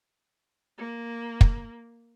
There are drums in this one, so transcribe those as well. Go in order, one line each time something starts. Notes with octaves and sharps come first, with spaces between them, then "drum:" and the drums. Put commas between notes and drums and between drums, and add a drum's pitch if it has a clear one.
A#3
drum: kick